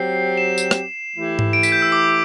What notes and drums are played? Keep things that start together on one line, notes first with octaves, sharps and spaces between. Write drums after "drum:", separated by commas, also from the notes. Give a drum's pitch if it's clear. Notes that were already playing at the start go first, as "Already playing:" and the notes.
Already playing: F#3 C4 G4 C7
E7
drum: tambourine
drum: rim click
E3 A3 E4 G4
drum: tom G#2
D7
B6, drum: tambourine
G6
E6
D6